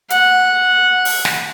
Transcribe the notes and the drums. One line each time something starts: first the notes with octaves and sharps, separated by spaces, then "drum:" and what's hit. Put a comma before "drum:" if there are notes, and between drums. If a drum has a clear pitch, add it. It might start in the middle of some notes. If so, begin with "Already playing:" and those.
F#5, drum: hi-hat
drum: open hi-hat
drum: snare